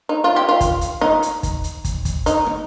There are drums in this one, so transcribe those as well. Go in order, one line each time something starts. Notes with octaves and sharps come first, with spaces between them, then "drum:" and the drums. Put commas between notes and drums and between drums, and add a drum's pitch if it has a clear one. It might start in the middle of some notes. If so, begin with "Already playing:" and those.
D#4
F4
G4
F4
drum: kick, hi-hat
drum: hi-hat
D#4, drum: rim click
drum: hi-hat
drum: kick, hi-hat
drum: hi-hat
drum: kick, hi-hat
drum: kick, hi-hat
D#4, drum: hi-hat
drum: rim click